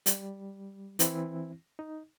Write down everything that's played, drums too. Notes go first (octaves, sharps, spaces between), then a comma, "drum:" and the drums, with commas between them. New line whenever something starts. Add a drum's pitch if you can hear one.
G3, drum: hi-hat
E3 C4 E4, drum: hi-hat
D#4